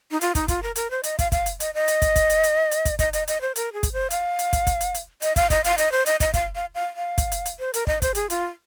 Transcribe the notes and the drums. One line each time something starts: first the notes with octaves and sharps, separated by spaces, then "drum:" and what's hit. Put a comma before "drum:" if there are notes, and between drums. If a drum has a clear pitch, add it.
D#4
F4, drum: hi-hat
D#4, drum: kick, hi-hat
F4, drum: kick, hi-hat
A#4
A#4, drum: hi-hat
C5
D#5, drum: hi-hat
F5, drum: kick, hi-hat
F5, drum: kick, hi-hat
drum: hi-hat
D#5, drum: hi-hat
D#5
drum: hi-hat
drum: kick, hi-hat
drum: kick, hi-hat
drum: hi-hat
drum: hi-hat
drum: hi-hat
drum: kick, hi-hat
D#5, drum: kick, hi-hat
D#5, drum: hi-hat
D#5, drum: hi-hat
C5
A#4, drum: hi-hat
G#4
drum: kick, hi-hat
C5
F5, drum: hi-hat
drum: hi-hat
drum: kick, hi-hat
drum: kick, hi-hat
drum: hi-hat
drum: hi-hat
D#5, drum: hi-hat
F5, drum: kick, hi-hat
D#5, drum: kick, hi-hat
F5, drum: hi-hat
D#5, drum: hi-hat
C5
D#5, drum: hi-hat
D#5, drum: kick, hi-hat
F5, drum: kick, hi-hat
F5
F5
F5
drum: kick, hi-hat
drum: hi-hat
drum: hi-hat
C5
A#4, drum: hi-hat
D#5, drum: kick
C5, drum: kick, hi-hat
G#4, drum: hi-hat
F4, drum: hi-hat